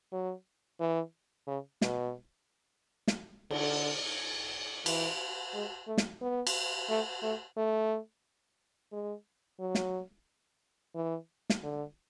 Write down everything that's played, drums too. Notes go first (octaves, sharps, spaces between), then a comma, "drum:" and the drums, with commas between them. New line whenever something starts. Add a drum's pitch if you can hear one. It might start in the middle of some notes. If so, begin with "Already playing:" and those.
F#3
E3
C#3
B2, drum: snare
drum: snare
D3, drum: cymbal
E3, drum: cymbal
G#3
A3
drum: snare
B3
drum: cymbal
A3
A3
A3
G#3
F#3
drum: snare
E3
drum: snare
D3